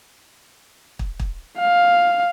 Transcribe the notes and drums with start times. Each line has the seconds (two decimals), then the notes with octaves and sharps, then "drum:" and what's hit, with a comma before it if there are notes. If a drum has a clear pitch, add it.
0.99 drum: kick
1.20 drum: kick
1.60 F5